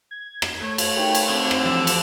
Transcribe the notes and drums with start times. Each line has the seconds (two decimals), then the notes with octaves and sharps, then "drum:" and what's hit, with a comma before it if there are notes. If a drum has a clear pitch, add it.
0.11 G#6
0.42 drum: rim click
0.59 A3 C#5
0.78 drum: cymbal
0.96 D#4 G4 A#4
1.15 drum: cymbal
1.29 D3 C4
1.51 drum: rim click
1.65 E3 F3 D4 G4 A4
1.87 drum: cymbal